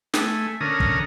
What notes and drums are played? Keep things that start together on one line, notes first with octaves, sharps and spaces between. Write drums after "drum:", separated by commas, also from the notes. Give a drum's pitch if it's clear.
A3 G#5, drum: snare
D3 C#4 A#4 D#6
drum: kick